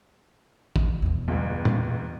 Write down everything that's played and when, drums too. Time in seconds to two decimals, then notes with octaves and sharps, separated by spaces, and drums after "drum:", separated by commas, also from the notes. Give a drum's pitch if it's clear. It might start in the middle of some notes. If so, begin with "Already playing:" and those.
0.76 drum: kick
1.02 E2 B2
1.28 G1 C#2
1.65 drum: tom